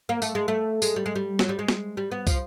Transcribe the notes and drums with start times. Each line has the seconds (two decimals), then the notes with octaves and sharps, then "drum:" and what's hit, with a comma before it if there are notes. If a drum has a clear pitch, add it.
0.09 A#3
0.22 A3, drum: tambourine
0.35 G#3
0.48 A3
0.82 G#3, drum: tambourine
0.96 G3
1.06 G#3
1.15 G3
1.39 F#3, drum: snare
1.49 G3
1.59 G#3
1.68 drum: snare
1.97 G3
2.11 B3
2.27 F3, drum: kick, tambourine